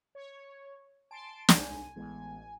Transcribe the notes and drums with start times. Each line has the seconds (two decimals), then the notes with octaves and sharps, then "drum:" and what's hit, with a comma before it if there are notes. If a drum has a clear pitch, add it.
0.15 C#5
1.11 G#5 A5 C6 D7
1.49 C2 D#4 G#5, drum: snare
1.96 A1 E3 G#3 B3